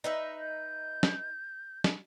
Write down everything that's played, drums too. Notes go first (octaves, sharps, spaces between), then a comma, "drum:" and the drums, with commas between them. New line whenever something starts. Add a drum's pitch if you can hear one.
D#4 B4 E5
G6
drum: snare
drum: snare